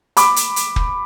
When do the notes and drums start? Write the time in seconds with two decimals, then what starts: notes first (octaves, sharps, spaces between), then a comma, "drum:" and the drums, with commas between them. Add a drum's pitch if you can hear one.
0.17 B5 D6, drum: hi-hat
0.36 drum: hi-hat
0.56 drum: hi-hat
0.76 drum: kick